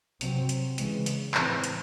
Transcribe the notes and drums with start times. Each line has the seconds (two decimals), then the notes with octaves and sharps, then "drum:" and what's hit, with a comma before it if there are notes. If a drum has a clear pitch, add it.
0.21 C3 F#3 C4, drum: hi-hat
0.49 drum: hi-hat
0.78 C#3 E3 G#3, drum: hi-hat
1.06 drum: hi-hat
1.34 A2 E3 C4, drum: clap
1.64 drum: hi-hat